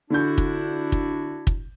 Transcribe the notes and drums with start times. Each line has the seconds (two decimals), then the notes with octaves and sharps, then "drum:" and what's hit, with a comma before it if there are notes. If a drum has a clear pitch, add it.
0.10 D3 D4 E4 F#4 G6
0.38 drum: kick
0.92 drum: kick
1.47 drum: kick